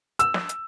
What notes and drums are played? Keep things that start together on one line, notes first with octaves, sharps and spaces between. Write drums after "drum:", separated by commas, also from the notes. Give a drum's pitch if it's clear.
E6, drum: hi-hat
drum: snare
drum: hi-hat